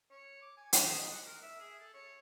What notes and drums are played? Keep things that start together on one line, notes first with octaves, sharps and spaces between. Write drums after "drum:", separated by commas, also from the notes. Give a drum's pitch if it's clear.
C#5
D6
G#5
G4, drum: hi-hat
D#5
F#4
A#4
E5
G#4
A4
C#5